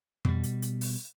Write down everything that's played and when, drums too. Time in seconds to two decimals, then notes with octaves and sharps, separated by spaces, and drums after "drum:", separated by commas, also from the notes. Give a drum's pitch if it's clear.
0.25 B2 G3, drum: tom F2
0.43 drum: hi-hat
0.62 drum: hi-hat
0.81 drum: open hi-hat